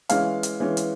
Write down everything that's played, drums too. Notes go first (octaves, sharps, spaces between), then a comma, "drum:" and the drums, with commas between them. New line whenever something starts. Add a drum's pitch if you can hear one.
E3 G#3 C#4 F5, drum: hi-hat
drum: hi-hat
E3 G#3 C#4
drum: hi-hat